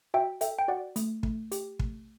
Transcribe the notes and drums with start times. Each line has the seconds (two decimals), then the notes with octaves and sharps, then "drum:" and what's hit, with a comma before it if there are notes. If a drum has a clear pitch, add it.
0.14 F#4 E5 G5
0.41 A4 E5 G5, drum: hi-hat
0.59 G5
0.68 F#4 D5 F#5
0.96 A3, drum: hi-hat
1.23 A3, drum: kick
1.52 G4, drum: hi-hat
1.79 A3, drum: kick